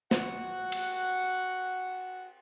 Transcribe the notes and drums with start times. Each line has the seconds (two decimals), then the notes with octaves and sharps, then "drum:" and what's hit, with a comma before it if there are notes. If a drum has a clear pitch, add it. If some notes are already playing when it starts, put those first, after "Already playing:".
0.11 F#4 F#5, drum: snare
0.72 drum: cymbal